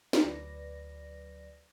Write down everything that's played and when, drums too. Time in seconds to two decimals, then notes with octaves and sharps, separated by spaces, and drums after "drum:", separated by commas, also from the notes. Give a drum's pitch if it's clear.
0.13 drum: snare
0.23 D2 F#3 B4 D5 A#6